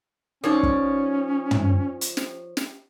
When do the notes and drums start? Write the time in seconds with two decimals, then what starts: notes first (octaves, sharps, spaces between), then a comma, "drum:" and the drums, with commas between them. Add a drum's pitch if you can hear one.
0.44 F3 C#4 D#4 A#4 C#5 D5
0.63 drum: kick
1.51 drum: tom
2.01 drum: hi-hat
2.17 drum: snare
2.57 drum: snare